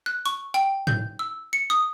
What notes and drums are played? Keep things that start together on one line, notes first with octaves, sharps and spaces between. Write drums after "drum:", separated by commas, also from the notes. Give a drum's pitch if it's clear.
F#6
C#6, drum: hi-hat
G5, drum: hi-hat
G6, drum: tom G#2
E6
C#7
D#6